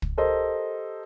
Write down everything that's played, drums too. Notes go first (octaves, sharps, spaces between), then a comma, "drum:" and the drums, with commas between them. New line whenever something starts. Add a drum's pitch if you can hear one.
drum: kick
G4 A4 A#4 C5 D#5